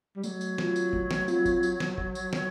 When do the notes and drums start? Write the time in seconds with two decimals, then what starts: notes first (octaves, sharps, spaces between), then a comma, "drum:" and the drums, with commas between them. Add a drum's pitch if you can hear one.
0.16 G3
0.24 F#3 A3, drum: tambourine
0.41 drum: tambourine
0.58 C4 F4, drum: snare
0.76 drum: tambourine
0.93 A3, drum: kick G1
1.11 drum: snare
1.28 C4 F4, drum: tambourine
1.45 drum: kick G1, tambourine
1.63 drum: tambourine
1.80 drum: snare
1.98 drum: kick G1
2.15 drum: tambourine
2.33 drum: snare